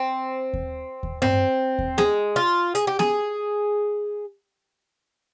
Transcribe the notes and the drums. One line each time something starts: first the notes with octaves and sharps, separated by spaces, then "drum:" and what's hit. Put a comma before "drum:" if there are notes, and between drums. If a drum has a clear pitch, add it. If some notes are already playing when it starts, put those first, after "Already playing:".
Already playing: C4
drum: kick D#2
drum: kick D#2
C4, drum: tom G2
drum: kick D#2
G#3, drum: snare B3
F4
G#4, drum: hi-hat
G4
G#4, drum: snare B3